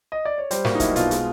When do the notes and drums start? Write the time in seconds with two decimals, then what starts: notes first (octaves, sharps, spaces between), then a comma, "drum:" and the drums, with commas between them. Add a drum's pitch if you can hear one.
0.12 D#5
0.25 D5
0.38 C#5
0.51 G3 C5, drum: hi-hat
0.65 A#3 F#4, drum: snare
0.75 D#4
0.80 B1 E4, drum: kick C#1, hi-hat
0.96 B2 F4, drum: hi-hat
1.11 G#3, drum: hi-hat